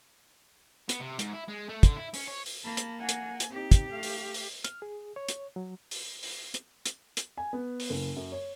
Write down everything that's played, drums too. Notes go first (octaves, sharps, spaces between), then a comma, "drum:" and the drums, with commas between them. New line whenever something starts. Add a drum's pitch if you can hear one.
B3, drum: hi-hat
C3
G#2, drum: hi-hat
E4
G#3
A3
D3, drum: kick, hi-hat
E4
C#4, drum: open hi-hat
C#5
drum: open hi-hat
A#3 A5 B5
drum: hi-hat
F#5 G#5
drum: hi-hat
drum: hi-hat
C4 D#4 G4
drum: kick, hi-hat
A3 F5
drum: open hi-hat
drum: open hi-hat
F6, drum: hi-hat
G#4
C#5
drum: hi-hat
F#3
drum: open hi-hat
drum: open hi-hat
drum: hi-hat
drum: hi-hat
drum: hi-hat
G#5
B3
drum: open hi-hat
F#1
F#2
C#5